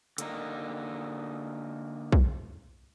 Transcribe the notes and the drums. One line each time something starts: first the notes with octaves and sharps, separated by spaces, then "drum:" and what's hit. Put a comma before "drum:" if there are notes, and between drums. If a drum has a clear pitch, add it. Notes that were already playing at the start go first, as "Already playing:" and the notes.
D3 A#3 D#4, drum: hi-hat
drum: kick B1